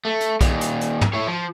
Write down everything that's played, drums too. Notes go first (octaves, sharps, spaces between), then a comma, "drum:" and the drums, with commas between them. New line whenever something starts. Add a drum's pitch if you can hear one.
A3
drum: hi-hat
D#2 A#2, drum: kick, hi-hat
drum: hi-hat
drum: hi-hat
drum: tom
E4 C#5
F3